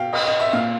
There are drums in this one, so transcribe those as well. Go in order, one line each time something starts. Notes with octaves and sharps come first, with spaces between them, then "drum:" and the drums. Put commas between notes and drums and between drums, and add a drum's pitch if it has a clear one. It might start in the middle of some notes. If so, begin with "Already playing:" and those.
Already playing: B2 F5 G5
D#5, drum: cymbal
D#5
E5
A#2 F5